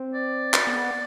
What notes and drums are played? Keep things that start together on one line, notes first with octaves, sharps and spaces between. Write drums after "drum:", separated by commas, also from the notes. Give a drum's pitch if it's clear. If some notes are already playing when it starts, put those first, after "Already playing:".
Already playing: C4
D5
drum: clap
B3